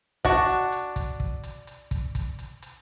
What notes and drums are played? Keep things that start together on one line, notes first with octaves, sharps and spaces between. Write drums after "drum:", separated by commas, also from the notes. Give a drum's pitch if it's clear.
D4 F#4, drum: kick
drum: hi-hat
drum: hi-hat
drum: kick, hi-hat
drum: kick
drum: hi-hat
drum: hi-hat
drum: kick, hi-hat
drum: kick, hi-hat
drum: hi-hat
drum: hi-hat